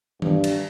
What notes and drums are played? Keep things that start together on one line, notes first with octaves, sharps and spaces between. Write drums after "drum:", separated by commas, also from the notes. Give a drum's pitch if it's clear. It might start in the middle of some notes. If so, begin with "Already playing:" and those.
G2, drum: tom D#3
drum: cymbal